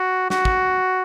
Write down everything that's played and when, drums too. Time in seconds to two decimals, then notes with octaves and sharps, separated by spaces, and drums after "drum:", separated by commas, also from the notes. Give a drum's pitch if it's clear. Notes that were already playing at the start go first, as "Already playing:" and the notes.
Already playing: F#4
0.30 F#4, drum: snare
0.45 drum: kick